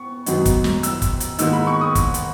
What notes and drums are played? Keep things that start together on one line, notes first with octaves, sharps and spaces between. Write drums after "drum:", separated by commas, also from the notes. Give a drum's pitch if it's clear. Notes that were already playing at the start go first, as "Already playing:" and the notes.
Already playing: B3 C#6
F#2 D#3 F#3 B3 D#4, drum: hi-hat
drum: kick, hi-hat
drum: snare
E6, drum: hi-hat
drum: kick, hi-hat
drum: hi-hat
G#2 D#3 A#3 D#4 E6, drum: hi-hat
B5
C#6
D#6
drum: kick, hi-hat
drum: hi-hat